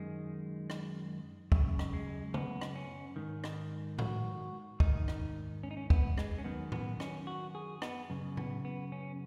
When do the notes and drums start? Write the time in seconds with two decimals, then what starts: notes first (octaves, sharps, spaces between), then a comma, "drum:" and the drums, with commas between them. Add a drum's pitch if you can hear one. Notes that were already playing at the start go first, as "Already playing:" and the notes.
Already playing: F#2 D#3 G#3
0.70 drum: rim click
1.52 F#2 C#3, drum: kick
1.79 drum: rim click
1.94 G#3
2.34 B3, drum: tom C#3
2.61 drum: rim click
2.76 C#4
3.16 G#2 D#3
3.44 drum: rim click
3.99 F#4, drum: tom A2
4.80 G#2 D#3 D#4, drum: kick
5.08 drum: rim click
5.63 C#4
5.71 D#4
5.77 C#4
5.90 B3, drum: kick
6.18 G#3, drum: rim click
6.38 C#4
6.44 F#2 D#3 B3
6.72 B3, drum: tom A2
7.00 C#4, drum: rim click
7.27 F#4
7.55 G#4
7.82 B3, drum: rim click
8.10 F#2 C#3
8.37 B3, drum: tom A2
8.65 B3
8.92 C#4